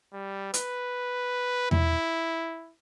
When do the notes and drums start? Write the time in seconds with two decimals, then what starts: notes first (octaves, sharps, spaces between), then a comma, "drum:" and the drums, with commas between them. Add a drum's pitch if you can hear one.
0.13 G3
0.54 B4, drum: hi-hat
1.71 E4, drum: tom E2